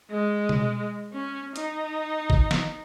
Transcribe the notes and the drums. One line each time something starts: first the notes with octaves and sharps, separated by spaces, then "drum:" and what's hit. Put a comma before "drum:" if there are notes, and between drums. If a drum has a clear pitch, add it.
G#3
drum: tom B2
C#4
D#4, drum: hi-hat
drum: kick
drum: snare